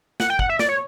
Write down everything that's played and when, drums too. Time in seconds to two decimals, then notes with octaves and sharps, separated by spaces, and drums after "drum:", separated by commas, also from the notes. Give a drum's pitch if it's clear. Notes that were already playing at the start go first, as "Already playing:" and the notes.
0.20 F#5, drum: snare
0.30 G5
0.39 F#5, drum: kick
0.49 E5
0.59 D5, drum: snare
0.69 C#5